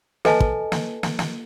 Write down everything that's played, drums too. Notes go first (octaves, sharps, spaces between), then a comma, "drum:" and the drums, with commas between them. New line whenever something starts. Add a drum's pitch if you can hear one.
A4 B4 D#5 G#5 A5, drum: snare
drum: kick
drum: snare
drum: snare
drum: snare